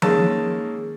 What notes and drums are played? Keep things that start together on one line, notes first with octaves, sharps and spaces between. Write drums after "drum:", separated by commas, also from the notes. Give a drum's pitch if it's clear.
D#3 G#3 A#3 C#4 A5 E6, drum: tom F3